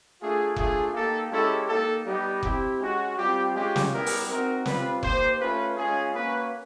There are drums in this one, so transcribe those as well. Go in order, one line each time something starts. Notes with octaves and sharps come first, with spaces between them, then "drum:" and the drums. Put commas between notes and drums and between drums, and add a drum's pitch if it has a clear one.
A3 D4 F4 G#4
A3 D4 F4 G#4, drum: kick F1
A#3 D#4 G4 A4
G#3 C#4 E4 G4 A4
A#3 D#4 G4 A4
G3 B3 D#4 G4
C4 E4 G4, drum: kick F1
G#3 C#4 F#4
G3 C4 F4 G4
G#3 C#4 F4 G4
drum: snare
G3 B3 E4 G4 A#4
drum: open hi-hat
C4 D#4 F#4 A#4
G3 C4 F4 B4, drum: snare
A#3 D#4 G4 C5, drum: kick F1
A3 C#4 F4 B4
G#3 C#4 F4 G#4
A#3 C#4 F#4 B4